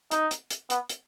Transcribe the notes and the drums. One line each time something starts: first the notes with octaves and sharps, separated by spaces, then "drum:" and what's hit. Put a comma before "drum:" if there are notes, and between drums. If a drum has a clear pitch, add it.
D#4, drum: hi-hat
drum: hi-hat
drum: hi-hat
B3, drum: hi-hat
drum: hi-hat